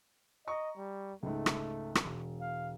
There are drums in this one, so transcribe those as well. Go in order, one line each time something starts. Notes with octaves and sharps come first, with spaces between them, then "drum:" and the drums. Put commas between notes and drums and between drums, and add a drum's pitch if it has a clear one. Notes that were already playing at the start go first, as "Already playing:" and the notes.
D#5 A#5 C#6
G3
C#2 G#2 A3
drum: rim click
drum: rim click
E1
F5